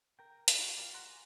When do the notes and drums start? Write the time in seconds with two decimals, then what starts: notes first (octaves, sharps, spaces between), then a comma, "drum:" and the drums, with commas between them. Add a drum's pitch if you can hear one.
0.19 A#4 G5
0.48 F#4 G4 B5 C#6, drum: hi-hat
0.77 F4 G4 A#4 D5
0.93 F#5 A#5 C6 F#6
1.07 G#5